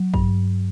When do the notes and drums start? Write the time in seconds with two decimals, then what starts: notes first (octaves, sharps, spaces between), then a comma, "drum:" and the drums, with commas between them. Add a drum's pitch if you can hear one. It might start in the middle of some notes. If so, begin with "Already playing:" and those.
Already playing: F#3
0.14 G2, drum: kick